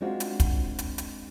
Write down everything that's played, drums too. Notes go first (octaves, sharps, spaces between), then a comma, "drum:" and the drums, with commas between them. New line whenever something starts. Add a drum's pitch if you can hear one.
G#3 C4 D4 D#4 F4 F#4
drum: hi-hat
drum: kick, hi-hat
drum: hi-hat
drum: hi-hat